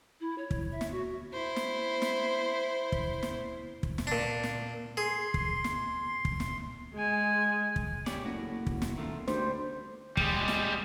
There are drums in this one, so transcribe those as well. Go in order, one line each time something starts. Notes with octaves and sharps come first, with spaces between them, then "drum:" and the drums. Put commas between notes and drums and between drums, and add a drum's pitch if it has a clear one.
E4
C#5
drum: kick
E5
drum: snare
F#4
E4 C5
drum: snare
drum: snare
drum: kick
drum: snare
drum: kick
drum: snare
A#2 D4
drum: snare
G#4 C6
drum: kick
drum: snare
drum: kick
drum: snare
G#3 G#5
drum: kick
G4 C#5 D5, drum: snare
F#1 A2 F#4
drum: kick
drum: snare
D#3 A3 F4
D2 G3 C5, drum: snare
G3 G#3, drum: kick
drum: snare